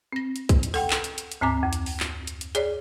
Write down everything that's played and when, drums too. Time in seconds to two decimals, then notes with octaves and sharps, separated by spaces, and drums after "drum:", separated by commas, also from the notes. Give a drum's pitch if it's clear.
0.13 C4 A#6
0.36 drum: hi-hat
0.49 drum: kick B1, hi-hat
0.63 drum: hi-hat
0.74 A4 F#5 G5, drum: open hi-hat
0.90 drum: clap
1.04 drum: hi-hat
1.18 drum: hi-hat
1.32 drum: hi-hat
1.41 D2 G#2 C4 G#5 A#5 D6
1.63 F2
1.73 drum: hi-hat
1.86 drum: open hi-hat
2.00 drum: clap
2.27 drum: hi-hat
2.41 drum: hi-hat
2.55 G#4 C#5 D5, drum: hi-hat